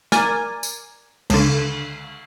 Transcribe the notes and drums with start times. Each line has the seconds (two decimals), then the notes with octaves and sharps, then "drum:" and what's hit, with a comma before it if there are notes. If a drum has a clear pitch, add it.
0.12 A#4 D5 G#5, drum: snare
0.63 drum: tambourine
1.30 C#2 D3, drum: cymbal